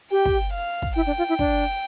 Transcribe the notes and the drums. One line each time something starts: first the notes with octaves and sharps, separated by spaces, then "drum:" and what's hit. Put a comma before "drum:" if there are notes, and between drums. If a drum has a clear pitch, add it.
G4 G5
drum: kick
F5
drum: kick
E4 G5
D4
F4
E4
D4, drum: kick